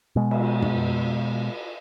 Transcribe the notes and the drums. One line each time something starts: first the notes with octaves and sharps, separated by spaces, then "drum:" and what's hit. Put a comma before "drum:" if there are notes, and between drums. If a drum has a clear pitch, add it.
B2 G#3
drum: cymbal
drum: tom